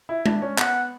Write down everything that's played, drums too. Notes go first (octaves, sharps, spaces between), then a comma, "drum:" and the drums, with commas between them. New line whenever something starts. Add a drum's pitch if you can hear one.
E4
D4, drum: tom G#3
C#4
B3 F#5, drum: clap